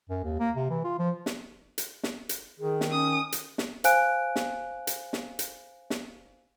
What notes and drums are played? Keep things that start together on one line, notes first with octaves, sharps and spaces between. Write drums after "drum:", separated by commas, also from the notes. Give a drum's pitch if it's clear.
F#2
D#2
A#3
C3
E3
F4
F3
drum: snare
drum: hi-hat
drum: snare
drum: hi-hat
D#3 G#4
drum: snare
C#4 D#6
drum: hi-hat
drum: snare
C5 F5 G#5 F#6 D7, drum: hi-hat
drum: snare
drum: hi-hat
drum: snare
drum: hi-hat
drum: snare